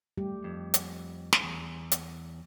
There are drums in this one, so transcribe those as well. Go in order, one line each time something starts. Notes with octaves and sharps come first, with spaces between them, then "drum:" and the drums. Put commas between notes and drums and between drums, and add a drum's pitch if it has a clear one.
G3 A3 G4
F2
drum: hi-hat
drum: snare
E2
drum: hi-hat